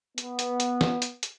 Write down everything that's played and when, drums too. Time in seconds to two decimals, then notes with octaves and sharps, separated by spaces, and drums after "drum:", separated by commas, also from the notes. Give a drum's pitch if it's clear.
0.18 B3, drum: hi-hat
0.39 drum: hi-hat
0.60 drum: hi-hat
0.81 drum: snare
1.02 drum: hi-hat
1.23 drum: hi-hat